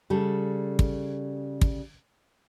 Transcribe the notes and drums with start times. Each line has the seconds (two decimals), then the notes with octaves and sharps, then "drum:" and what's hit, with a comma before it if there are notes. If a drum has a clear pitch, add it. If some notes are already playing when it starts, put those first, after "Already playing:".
0.10 C#3 G3 A4
0.79 drum: kick
1.61 drum: kick